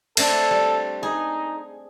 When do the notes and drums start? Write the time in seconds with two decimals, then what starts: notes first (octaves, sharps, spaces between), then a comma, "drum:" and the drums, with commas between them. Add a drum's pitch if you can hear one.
0.17 A3 C4 D4 A4, drum: cymbal
0.51 G3
1.03 D#4 G#4